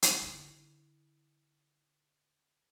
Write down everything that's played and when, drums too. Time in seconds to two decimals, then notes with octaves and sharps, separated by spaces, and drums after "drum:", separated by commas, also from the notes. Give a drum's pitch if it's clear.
0.02 drum: hi-hat
0.22 D3 E4